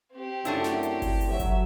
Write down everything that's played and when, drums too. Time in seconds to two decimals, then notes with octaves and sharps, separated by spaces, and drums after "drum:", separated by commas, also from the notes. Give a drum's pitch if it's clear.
0.13 C4 G4
0.45 F#2 F#3 A3 D4 E4, drum: hi-hat
0.64 drum: snare
0.83 drum: hi-hat
1.02 drum: kick G1, open hi-hat
1.21 drum: open hi-hat
1.30 F#3 E5
1.40 drum: kick G1, hi-hat